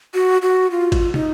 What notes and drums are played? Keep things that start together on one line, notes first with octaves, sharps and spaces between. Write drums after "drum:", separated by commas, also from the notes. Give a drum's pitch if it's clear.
F#4
F#4
F4
drum: kick G#1, cymbal
D#4, drum: tom